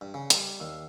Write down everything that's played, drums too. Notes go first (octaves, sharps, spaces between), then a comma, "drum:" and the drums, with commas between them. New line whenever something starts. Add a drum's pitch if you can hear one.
G2
C#3
G3, drum: hi-hat
D#2